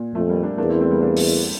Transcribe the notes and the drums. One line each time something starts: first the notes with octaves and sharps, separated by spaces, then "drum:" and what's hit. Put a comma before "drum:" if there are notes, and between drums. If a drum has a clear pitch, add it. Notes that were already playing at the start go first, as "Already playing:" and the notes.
Already playing: A#2
F2 F3 A3
G3 A#3
A#3 D4
E2 A#3 D4
C4 E4
A3 C4
G3 A#3
A#3 D4
drum: open hi-hat